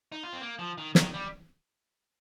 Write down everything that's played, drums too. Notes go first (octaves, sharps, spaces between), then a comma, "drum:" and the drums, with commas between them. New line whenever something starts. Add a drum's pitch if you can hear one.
D#4
F4
C4
A#3
F3
D#3
D#3, drum: snare
G3